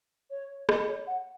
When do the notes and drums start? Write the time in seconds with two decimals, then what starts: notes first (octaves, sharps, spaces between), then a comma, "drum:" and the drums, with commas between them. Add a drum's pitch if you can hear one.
0.30 C#5
0.69 D#5, drum: rim click
0.88 C#5
1.07 F#5